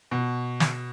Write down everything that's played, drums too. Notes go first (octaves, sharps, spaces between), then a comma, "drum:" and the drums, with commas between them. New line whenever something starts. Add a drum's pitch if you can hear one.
B2
drum: snare